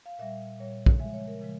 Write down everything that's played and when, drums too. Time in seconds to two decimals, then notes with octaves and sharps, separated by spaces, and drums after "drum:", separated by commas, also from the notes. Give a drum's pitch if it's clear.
0.06 F5
0.19 A#2 G3 E5
0.59 A#2 G3 C#5
0.86 drum: kick
0.99 C#3 F3 G#3 E5
1.14 C#5
1.27 A#4
1.41 C#3 F3 G#3